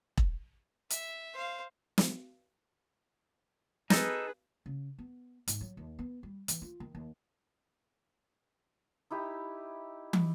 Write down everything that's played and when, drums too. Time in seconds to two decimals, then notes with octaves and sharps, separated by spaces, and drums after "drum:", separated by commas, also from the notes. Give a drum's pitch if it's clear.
0.17 drum: kick E1
0.90 E5, drum: hi-hat
1.34 C5 F5
1.98 drum: snare
3.90 D#4 G#4 A4 B4, drum: snare
4.66 C#3
4.98 B3
5.48 G#2, drum: hi-hat
5.61 F#3
5.77 D#2
5.99 B3
6.23 G3
6.48 E3, drum: hi-hat
6.62 F4
6.80 D#3
6.95 D#2
9.11 D#4 E4 G4
10.13 drum: tom